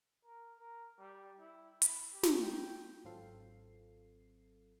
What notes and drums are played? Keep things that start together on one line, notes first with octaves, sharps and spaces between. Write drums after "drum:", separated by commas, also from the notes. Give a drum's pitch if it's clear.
A#4
A#4
G3
E4
B5, drum: hi-hat
G4
drum: snare
G5
G#1 F#3 C4 F4 A4 C7